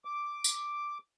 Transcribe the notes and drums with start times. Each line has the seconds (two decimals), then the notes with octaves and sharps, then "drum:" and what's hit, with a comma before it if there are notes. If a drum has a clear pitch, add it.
0.05 D6
0.44 drum: tambourine